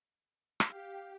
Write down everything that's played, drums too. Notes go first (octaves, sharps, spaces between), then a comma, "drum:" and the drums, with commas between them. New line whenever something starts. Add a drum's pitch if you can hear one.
drum: rim click
G4 F5